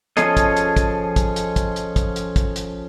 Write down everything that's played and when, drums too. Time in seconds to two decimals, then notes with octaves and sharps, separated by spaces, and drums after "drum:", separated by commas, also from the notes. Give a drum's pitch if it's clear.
0.17 F3 C#4 G#4 A4 D#5, drum: hi-hat
0.37 drum: kick, hi-hat
0.57 drum: hi-hat
0.76 drum: kick, hi-hat
1.16 drum: kick, hi-hat
1.36 drum: hi-hat
1.56 drum: kick, hi-hat
1.76 drum: hi-hat
1.96 drum: kick, hi-hat
2.16 drum: hi-hat
2.36 drum: kick, hi-hat
2.56 drum: hi-hat